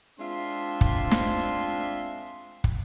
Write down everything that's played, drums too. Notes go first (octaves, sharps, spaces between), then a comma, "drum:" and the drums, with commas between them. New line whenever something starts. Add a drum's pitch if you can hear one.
G#3 C4 D4 F4 E5 C6
drum: kick
drum: snare
drum: kick